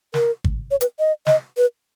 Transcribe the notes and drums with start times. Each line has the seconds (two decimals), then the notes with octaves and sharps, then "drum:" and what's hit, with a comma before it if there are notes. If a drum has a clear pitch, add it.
0.14 A#4, drum: snare
0.44 drum: kick
0.71 C#5
0.81 B4, drum: hi-hat
0.99 D#5
1.27 D#5, drum: snare
1.57 B4